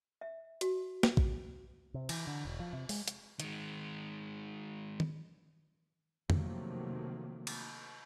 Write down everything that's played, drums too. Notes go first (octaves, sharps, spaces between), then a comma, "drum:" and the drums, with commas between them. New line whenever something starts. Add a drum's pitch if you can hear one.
E5
F#4, drum: hi-hat
drum: snare
drum: kick
C3
E3, drum: cymbal
D3
E1
F3
C3
G#3, drum: open hi-hat
drum: hi-hat
D#3 G#3, drum: hi-hat
drum: tom D#3
C3 D#3 F3 F#3 A3 A#3, drum: tom F2
drum: cymbal